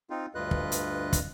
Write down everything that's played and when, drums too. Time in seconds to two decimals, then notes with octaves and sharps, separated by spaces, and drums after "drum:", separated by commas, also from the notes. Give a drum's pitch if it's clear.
0.10 C4 D#4 F4
0.35 D2 G2 F4 B4 D#5 F#6
0.51 drum: kick
0.72 drum: hi-hat
1.13 drum: kick, hi-hat